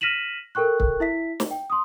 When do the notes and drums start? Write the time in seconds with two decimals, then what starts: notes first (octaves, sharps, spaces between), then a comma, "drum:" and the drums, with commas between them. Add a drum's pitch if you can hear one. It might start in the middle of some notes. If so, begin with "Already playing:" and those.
0.01 F6 A#6 B6 D#7 E7 F#7
0.55 A4 A#4 G5 C#6 F#6
0.80 drum: kick
1.00 E4 E5 B6
1.40 drum: snare
1.51 G5
1.70 C6 D#6